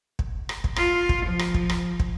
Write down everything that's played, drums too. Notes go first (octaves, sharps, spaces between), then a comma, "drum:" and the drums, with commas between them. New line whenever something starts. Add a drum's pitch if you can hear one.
drum: kick
drum: rim click
drum: kick
F4, drum: rim click
drum: kick
F3
drum: rim click
drum: kick
drum: rim click
drum: kick